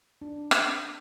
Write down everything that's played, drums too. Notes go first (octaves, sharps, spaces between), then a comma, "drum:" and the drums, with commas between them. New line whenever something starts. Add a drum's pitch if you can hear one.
D4
drum: rim click